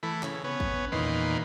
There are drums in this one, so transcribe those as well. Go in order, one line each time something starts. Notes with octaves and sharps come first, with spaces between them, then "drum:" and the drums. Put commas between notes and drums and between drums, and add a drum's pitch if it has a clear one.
E3 A3 B5
C#3, drum: clap
B3 C#4
drum: kick
E2 A#2 D#3 B4 C6